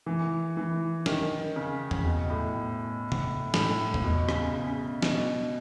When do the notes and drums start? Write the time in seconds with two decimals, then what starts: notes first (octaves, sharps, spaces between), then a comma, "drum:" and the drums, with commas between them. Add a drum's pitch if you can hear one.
0.06 E3
0.57 E3
1.06 D#3, drum: snare
1.56 C#3
1.91 drum: tom E2
2.05 B2
2.30 A2
3.12 drum: tom C3
3.54 A2, drum: snare
3.94 drum: tom E2
4.04 B2
4.29 C#3, drum: rim click
4.53 C#3
5.02 B2, drum: snare